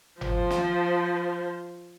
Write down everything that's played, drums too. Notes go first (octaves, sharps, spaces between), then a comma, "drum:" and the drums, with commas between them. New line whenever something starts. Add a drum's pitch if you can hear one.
F3 C5, drum: tom G1
drum: snare